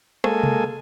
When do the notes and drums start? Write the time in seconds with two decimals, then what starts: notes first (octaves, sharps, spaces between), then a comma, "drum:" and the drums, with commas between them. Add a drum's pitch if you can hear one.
0.24 G#3 A#3 A4 G#5, drum: rim click
0.43 drum: tom C3